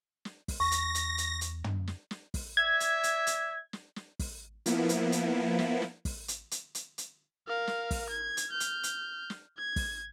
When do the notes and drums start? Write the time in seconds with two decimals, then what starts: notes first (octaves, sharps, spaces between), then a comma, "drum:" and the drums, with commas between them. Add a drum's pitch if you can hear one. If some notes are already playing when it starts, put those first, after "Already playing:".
0.25 drum: snare
0.48 drum: kick, open hi-hat
0.60 E2 C#6 A#6
0.71 drum: hi-hat
0.95 drum: hi-hat
1.18 drum: hi-hat
1.41 drum: hi-hat
1.64 drum: tom
1.87 drum: snare
2.11 drum: snare
2.34 drum: kick, open hi-hat
2.57 D5 E5 G#6
2.80 drum: hi-hat
3.03 drum: hi-hat
3.27 drum: hi-hat
3.73 drum: snare
3.96 drum: snare
4.19 drum: kick, open hi-hat
4.66 F3 A#3 B3 E4, drum: hi-hat
4.89 drum: hi-hat
5.12 drum: hi-hat
5.59 drum: snare
5.82 drum: snare
6.05 drum: kick, open hi-hat
6.28 drum: hi-hat
6.51 drum: hi-hat
6.75 drum: hi-hat
6.98 drum: hi-hat
7.47 A#4 F5
7.67 drum: snare
7.91 drum: kick, open hi-hat
8.10 G#6
8.37 drum: hi-hat
8.50 F6 G6
8.60 drum: hi-hat
8.83 drum: hi-hat
9.30 drum: snare
9.57 G#6
9.76 drum: kick, open hi-hat